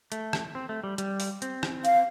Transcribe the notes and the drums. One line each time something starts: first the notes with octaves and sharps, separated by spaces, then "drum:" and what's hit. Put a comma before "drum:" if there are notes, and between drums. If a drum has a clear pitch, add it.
A3, drum: hi-hat
drum: rim click
C4
A3
G3
G3, drum: hi-hat
drum: open hi-hat
C4, drum: hi-hat
drum: rim click
F5, drum: hi-hat